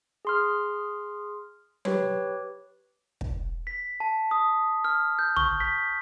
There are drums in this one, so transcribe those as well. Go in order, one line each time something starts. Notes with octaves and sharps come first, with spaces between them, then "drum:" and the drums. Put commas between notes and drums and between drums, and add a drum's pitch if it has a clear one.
G#4 C6 F6
G4 B4 C#5, drum: tom F#3
drum: kick
B6
A5
D#6
F6
G6
C#6, drum: tom
B6